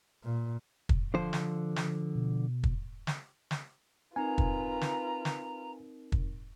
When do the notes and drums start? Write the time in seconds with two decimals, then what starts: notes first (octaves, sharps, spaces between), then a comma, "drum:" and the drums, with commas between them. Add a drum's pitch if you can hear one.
0.24 A#2
0.89 drum: kick
1.14 D3 F3 C5
1.33 drum: snare
1.76 drum: snare
2.15 B2
2.64 drum: kick
3.07 drum: snare
3.51 drum: snare
4.16 C4 D#4 F4 A#4 B4 G#5 A#5
4.38 drum: kick
4.81 drum: snare
5.25 drum: snare
6.12 drum: kick